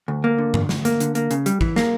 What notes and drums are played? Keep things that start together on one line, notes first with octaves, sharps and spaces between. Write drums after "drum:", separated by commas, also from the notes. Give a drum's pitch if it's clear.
D2
A#3
D3
D2, drum: tom G2
D2, drum: snare
A#3, drum: hi-hat
D3, drum: hi-hat
A#3, drum: hi-hat
C#3, drum: hi-hat
G3, drum: hi-hat
E3, drum: kick
A#3, drum: snare